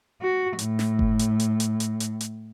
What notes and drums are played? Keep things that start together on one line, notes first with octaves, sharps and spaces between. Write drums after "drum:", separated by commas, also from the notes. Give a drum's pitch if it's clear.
F#4
A2, drum: hi-hat
drum: snare
drum: kick G1
drum: hi-hat
drum: hi-hat
drum: hi-hat
drum: hi-hat
drum: hi-hat
drum: hi-hat